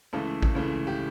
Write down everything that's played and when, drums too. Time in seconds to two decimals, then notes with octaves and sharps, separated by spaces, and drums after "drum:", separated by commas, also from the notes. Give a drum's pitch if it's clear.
0.13 C#2 C#3 E3 A3 A4
0.42 drum: kick A1
0.55 C#2 C#3 E3 A3
0.87 G4